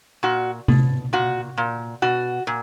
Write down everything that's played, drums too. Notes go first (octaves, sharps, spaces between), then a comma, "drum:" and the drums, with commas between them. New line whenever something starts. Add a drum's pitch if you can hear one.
A#2 F#4
B2, drum: tom C3
A#2 F#4
A#2
B2 F#4
A#2